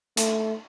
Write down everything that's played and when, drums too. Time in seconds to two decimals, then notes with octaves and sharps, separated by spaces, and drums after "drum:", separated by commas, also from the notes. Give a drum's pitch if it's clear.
0.17 A3, drum: hi-hat